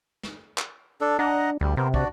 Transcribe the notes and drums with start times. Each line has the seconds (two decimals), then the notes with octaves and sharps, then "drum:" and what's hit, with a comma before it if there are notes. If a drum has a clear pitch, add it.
0.23 drum: snare
0.58 drum: clap
1.01 D4 A4
1.19 D4 D#5 F#5 A#5
1.61 D2 G3
1.77 C3 B3 A#4 C5
1.94 D4 F#4 D5, drum: kick